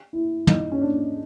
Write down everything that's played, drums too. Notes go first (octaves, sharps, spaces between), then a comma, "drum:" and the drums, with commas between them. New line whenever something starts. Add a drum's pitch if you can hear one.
E4
D#4, drum: tom
C#4
D4